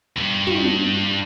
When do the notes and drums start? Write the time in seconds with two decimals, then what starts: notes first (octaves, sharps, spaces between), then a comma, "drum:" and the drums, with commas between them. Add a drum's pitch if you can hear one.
0.16 E2 G2
0.47 drum: tom